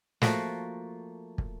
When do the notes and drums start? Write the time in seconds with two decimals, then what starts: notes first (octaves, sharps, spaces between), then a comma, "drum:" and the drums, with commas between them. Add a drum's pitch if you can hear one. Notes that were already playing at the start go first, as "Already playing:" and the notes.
0.22 F3 A3 A#3 F#4, drum: snare
1.38 drum: kick